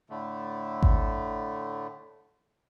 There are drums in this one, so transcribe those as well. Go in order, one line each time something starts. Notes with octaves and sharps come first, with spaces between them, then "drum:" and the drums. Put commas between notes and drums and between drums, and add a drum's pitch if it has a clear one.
A2 D3 A3
drum: kick G#1